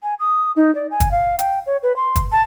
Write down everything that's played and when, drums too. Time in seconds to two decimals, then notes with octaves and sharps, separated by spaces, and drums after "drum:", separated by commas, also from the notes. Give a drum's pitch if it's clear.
0.03 G#5
0.19 D#6
0.56 D#4
0.75 D5
0.91 G#5
1.00 drum: kick, hi-hat
1.11 F5
1.39 G5, drum: hi-hat
1.66 C#5
1.83 B4
1.96 C6
2.16 drum: kick, hi-hat
2.32 A5